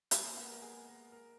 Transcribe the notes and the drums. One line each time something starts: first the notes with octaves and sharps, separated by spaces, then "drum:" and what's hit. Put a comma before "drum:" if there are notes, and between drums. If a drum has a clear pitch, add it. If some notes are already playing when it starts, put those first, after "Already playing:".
G#3, drum: hi-hat
A#3
B3
A#4
G#4
A#4
A#4